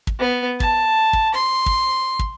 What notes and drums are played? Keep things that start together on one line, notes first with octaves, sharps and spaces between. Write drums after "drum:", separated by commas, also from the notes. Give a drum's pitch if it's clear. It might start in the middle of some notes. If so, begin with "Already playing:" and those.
drum: kick
B3
A5, drum: kick
drum: kick
C6
drum: kick
drum: kick